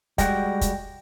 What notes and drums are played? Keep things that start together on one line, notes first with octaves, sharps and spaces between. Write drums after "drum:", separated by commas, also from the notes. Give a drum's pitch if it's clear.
G3 G#3 F#4 G5 A#6, drum: kick, hi-hat
drum: kick, hi-hat